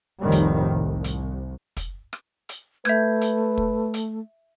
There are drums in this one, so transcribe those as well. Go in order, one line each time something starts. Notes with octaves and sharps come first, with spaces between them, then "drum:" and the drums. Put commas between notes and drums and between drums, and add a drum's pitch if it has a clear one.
F1 C2 A2 D#3 F3 G3
drum: hi-hat
C2
drum: hi-hat
drum: kick, hi-hat
drum: rim click
drum: hi-hat
A3 B4 E5 G6 G#6, drum: rim click
drum: hi-hat
drum: kick
drum: hi-hat